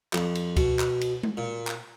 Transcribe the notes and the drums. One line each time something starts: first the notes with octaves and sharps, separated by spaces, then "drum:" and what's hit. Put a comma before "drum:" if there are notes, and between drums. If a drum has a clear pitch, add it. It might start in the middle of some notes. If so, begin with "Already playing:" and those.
F2, drum: clap
drum: cymbal
B2, drum: kick, cymbal
drum: clap
drum: cymbal
drum: tom G#3
A#2
drum: clap